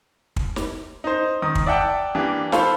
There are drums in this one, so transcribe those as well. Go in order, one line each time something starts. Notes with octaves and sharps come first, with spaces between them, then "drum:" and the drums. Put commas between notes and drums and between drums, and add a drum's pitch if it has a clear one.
drum: kick
drum: snare
D#4 C5
D#3 D#6
drum: kick
D5 E5 F#5 G5 A5
E3 A#3 D4 G4
F4 A4 C5 F5 B5 C#6, drum: snare